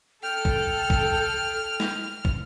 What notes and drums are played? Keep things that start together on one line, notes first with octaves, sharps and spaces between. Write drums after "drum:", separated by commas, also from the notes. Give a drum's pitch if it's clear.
A4 G5 F6
drum: kick
drum: kick
drum: snare
drum: kick